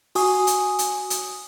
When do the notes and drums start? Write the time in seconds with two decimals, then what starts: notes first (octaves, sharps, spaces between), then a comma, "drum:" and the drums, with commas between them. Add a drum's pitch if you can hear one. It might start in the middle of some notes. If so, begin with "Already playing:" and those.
0.15 F#4 G#5 D#6, drum: open hi-hat
0.47 drum: hi-hat
0.79 drum: hi-hat
1.10 drum: hi-hat